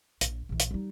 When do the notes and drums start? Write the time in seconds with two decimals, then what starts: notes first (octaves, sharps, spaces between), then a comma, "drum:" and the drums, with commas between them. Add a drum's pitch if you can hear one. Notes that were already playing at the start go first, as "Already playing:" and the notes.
0.21 A#1, drum: hi-hat
0.49 A#1 E3
0.60 drum: hi-hat
0.71 G3 D#4